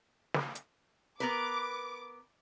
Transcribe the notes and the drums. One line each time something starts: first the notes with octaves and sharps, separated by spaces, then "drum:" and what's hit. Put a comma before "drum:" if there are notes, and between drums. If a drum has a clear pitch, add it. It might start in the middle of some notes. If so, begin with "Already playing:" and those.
drum: snare
drum: hi-hat
B3 A#4 B4 D6